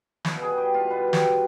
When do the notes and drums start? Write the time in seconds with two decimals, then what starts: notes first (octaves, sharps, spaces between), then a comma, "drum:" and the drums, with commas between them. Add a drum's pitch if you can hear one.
0.25 B2 B4, drum: snare
0.41 G3 G#4
0.58 G3 G4
0.74 B2 F4
0.90 B2 B4
1.08 G3
1.13 G4, drum: snare
1.24 G3